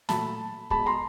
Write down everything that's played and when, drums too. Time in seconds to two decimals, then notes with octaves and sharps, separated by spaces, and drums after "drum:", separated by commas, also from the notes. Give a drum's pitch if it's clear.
0.09 A#2 F#3 A3 A5 B5, drum: snare
0.70 B2 G#3 A5 B5, drum: kick
0.86 A#5 C6